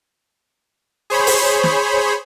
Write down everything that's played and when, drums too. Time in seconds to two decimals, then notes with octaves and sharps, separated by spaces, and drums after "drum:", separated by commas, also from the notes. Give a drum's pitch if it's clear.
1.10 G#4 C5 C#5 B5
1.27 drum: open hi-hat
1.63 drum: snare